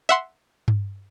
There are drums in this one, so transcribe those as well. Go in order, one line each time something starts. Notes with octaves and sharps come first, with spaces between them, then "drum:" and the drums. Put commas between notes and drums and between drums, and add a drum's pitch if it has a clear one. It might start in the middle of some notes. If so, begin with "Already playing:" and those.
E5 F#5 C6
drum: tom G2